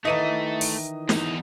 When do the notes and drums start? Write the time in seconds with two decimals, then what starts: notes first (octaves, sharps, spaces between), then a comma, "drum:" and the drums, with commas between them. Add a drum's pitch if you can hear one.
0.05 D#3 E3 A3 E4 D#5 D#7
0.61 drum: open hi-hat
1.09 E2 D#4, drum: snare